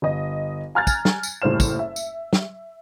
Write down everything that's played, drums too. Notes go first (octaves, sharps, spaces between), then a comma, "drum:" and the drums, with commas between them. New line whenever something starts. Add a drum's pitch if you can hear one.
G1 D#5
G#5 A#5 F6 F#6 G#6 A6
drum: kick, tambourine
drum: snare
drum: tambourine
F#1 A2 G3 C5 F6 E7
drum: kick, tambourine
E5
drum: tambourine
drum: snare